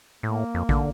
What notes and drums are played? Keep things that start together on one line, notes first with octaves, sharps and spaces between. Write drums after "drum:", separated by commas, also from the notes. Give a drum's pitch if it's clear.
A2 A#3
F2
D3, drum: kick A1